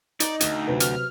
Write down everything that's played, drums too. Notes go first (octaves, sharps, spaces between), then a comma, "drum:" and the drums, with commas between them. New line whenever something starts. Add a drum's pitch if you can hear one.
D#4 D5, drum: hi-hat
D2, drum: hi-hat
C3 F#3 B4
F6, drum: hi-hat